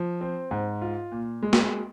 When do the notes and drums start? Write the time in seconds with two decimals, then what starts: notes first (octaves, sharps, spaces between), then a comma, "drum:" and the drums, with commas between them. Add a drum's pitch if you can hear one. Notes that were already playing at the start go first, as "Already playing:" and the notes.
Already playing: F3
0.21 C4
0.51 G#2
0.82 F4
1.12 A#2
1.43 G#3
1.53 drum: snare